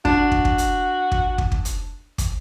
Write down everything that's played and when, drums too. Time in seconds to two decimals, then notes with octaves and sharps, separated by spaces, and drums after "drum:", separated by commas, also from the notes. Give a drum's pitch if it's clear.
0.05 D4 F#4, drum: kick
0.32 drum: kick
0.45 drum: kick
0.58 drum: hi-hat
1.12 drum: kick
1.38 drum: kick
1.52 drum: kick
1.65 drum: hi-hat
2.18 drum: kick, hi-hat